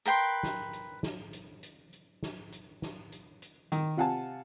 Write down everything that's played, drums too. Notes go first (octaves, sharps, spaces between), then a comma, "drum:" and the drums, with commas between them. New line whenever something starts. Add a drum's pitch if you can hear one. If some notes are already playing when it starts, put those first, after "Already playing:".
A#4 B4 G5 C6
drum: snare
drum: hi-hat
drum: snare
drum: hi-hat
drum: hi-hat
drum: hi-hat
drum: snare
drum: hi-hat
drum: snare
drum: hi-hat
drum: hi-hat
D#3, drum: hi-hat
C3 F4 F#5 G#5 A5